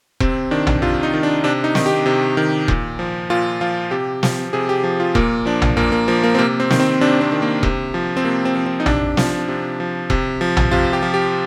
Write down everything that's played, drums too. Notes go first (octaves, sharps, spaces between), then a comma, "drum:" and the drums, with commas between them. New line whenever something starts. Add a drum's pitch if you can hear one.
C3 C4, drum: kick E1
D#3 D4
drum: tom
C3 F4
D#4
D#3
D4
C3 D4
D#4
D#3, drum: snare
G4
C3
D#3
A#2, drum: kick E1
F3
A#2 F4
F3 F4
C3 G4
F3, drum: snare
C3 G#4
G4
F3
F4
A#2 A#3, drum: kick E1
F3 D4
drum: tom
A#2 A#3
A#3
F3 A#3
A#3
C4
C3 A#3
C4
D#3, drum: snare
C4
C3 D4
C4
D#3
A#3
C3, drum: kick E1
F3
C4
C3 A#3
C4
F3
C4
D#4
C3 D4, drum: tom
F3, drum: snare
C3
F3
C3, drum: kick E1
F3
drum: tom
C3 F4
G4
F3
G4